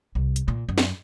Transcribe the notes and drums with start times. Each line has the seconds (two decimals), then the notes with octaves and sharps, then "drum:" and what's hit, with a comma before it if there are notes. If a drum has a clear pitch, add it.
0.15 C2
0.36 drum: hi-hat
0.48 A#2
0.69 F#2
0.78 drum: snare